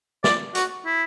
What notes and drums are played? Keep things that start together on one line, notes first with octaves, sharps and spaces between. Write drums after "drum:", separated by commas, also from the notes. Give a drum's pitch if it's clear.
D5, drum: snare
F#4, drum: hi-hat
E4